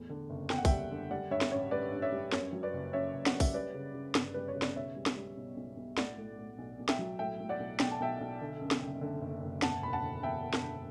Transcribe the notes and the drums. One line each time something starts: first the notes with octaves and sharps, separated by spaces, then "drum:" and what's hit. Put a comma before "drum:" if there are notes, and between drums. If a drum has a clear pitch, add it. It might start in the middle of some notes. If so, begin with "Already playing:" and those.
Already playing: E2 A2
D3
F#1
E2 G5, drum: snare
F#5
E5 G5, drum: kick, open hi-hat
G3
D3
G3 D5 F#5
G2 C#5 E5
drum: snare
A1 C#5
G3 B4 D5
G2
C#5 E5
G3
F#2 C#5, drum: snare
F#3
B4 D5
F#1
F#2 C#5 E5
F#1
F#5, drum: snare
F#2
E5, drum: kick, open hi-hat
G3 B4 D5
C#3
C#3
G1, drum: snare
G3 B4
C#5
C#3
D5, drum: snare
B1 C#5 E5
G3
drum: snare
G3
B2
B1
B1
A2 D5 F#5, drum: snare
A2
A2
B1
B1
E5 G5, drum: snare
F#3
A2 E5 G5
A2
D5 F#5
B1
B1 G5, drum: snare
A5
B1 E5 G5
B1
D3
F#2
drum: snare
F#1
D3
F#1
F#1
E1 F#5 A5, drum: snare
E1 B5
F#5 A5
D3
E2 E5 G5
E2
drum: snare
D3